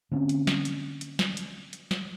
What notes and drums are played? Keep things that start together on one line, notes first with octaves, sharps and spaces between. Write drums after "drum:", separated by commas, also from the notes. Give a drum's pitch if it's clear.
D3 A#3 C4 C#4
drum: hi-hat
drum: snare
drum: hi-hat
drum: hi-hat
drum: snare
drum: hi-hat
drum: hi-hat
drum: snare